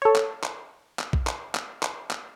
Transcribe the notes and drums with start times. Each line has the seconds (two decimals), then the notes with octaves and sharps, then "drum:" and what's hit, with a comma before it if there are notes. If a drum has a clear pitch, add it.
0.02 A4 C#5
0.16 drum: clap
0.44 drum: clap
0.99 drum: clap
1.13 drum: kick A#1
1.27 drum: clap
1.55 drum: clap
1.83 drum: clap
2.11 drum: clap